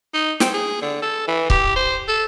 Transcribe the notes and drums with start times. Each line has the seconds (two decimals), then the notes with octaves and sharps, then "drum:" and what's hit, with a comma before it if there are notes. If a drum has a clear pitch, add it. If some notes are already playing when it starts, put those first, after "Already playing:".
0.14 D#4
0.40 C4, drum: snare
0.53 G#4
0.81 D3
1.02 A4
1.27 E3
1.50 G4, drum: kick C#1
1.76 C5
2.08 A4